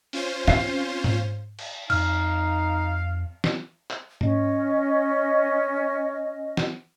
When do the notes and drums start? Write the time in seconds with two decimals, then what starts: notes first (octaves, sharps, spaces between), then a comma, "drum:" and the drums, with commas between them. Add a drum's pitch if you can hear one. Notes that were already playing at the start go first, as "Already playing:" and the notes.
0.13 C#4 F4 C5, drum: open hi-hat
0.48 C4 F5 C7, drum: snare
1.04 drum: tom G#2
1.59 drum: cymbal
1.90 F2 D#4 F5 F6, drum: cymbal
3.44 drum: snare
3.90 drum: clap
4.21 C#4 D#5, drum: tom G#2
6.57 drum: snare